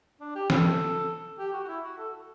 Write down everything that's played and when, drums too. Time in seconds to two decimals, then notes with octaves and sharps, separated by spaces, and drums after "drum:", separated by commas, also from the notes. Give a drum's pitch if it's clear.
0.21 D4
0.35 G4
0.50 A4, drum: snare
1.39 G4
1.53 F#4
1.64 F#4
1.68 E4
1.83 F#4
1.98 A4